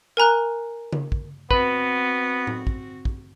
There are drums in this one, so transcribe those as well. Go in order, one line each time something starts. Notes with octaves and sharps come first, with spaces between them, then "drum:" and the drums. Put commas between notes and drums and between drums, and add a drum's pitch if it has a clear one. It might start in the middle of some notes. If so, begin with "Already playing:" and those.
A#4 G#5 A#5 F#6
drum: tom C#3
drum: kick
B3 C4 F#4 B4, drum: kick
drum: tom A2
drum: kick
drum: kick